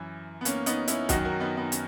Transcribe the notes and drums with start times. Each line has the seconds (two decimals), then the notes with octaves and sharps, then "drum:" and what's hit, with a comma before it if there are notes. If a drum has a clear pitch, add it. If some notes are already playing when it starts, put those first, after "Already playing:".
Already playing: F#2 E3
0.41 B3
0.45 A#3 C#4, drum: hi-hat
0.66 B3 D#4, drum: hi-hat
0.88 C#4 E4, drum: hi-hat
1.09 F#2 D#3 F#3 D#4 F#4, drum: kick C2, hi-hat
1.25 F#4 A#4
1.40 B3 D#4
1.57 B3 D#4
1.72 C#4, drum: hi-hat